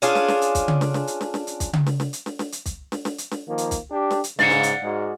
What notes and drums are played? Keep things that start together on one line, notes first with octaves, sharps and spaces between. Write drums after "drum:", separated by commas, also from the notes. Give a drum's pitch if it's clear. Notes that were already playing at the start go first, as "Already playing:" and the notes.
C#4 D4 F4 G#4, drum: hi-hat
drum: snare
drum: snare
drum: hi-hat
drum: kick, hi-hat
drum: tom C#3
drum: snare
drum: snare
drum: hi-hat
drum: snare
drum: snare
drum: hi-hat
drum: kick, hi-hat
drum: tom C#3
drum: snare
drum: snare
drum: hi-hat
drum: snare
drum: snare
drum: hi-hat
drum: kick, hi-hat
drum: snare
drum: snare
drum: hi-hat
drum: snare
D#3 F3 A#3
drum: hi-hat
drum: kick, hi-hat
D4 G4
drum: snare
drum: hi-hat
G#2 C#3 D5 F5 F#5, drum: snare
drum: snare
drum: hi-hat
G#2 G#3 F#4